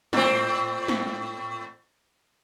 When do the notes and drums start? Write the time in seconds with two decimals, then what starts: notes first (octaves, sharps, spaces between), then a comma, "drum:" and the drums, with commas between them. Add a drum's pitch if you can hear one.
0.13 A2 C4, drum: snare
0.88 drum: snare